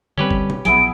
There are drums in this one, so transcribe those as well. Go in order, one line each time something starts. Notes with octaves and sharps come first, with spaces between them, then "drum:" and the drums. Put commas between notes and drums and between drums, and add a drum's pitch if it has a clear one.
D3 G3 C4 C#4 G4 B4
drum: kick F#1
drum: tom B2
A#1 F#3 B3 E4 G#4 D7, drum: hi-hat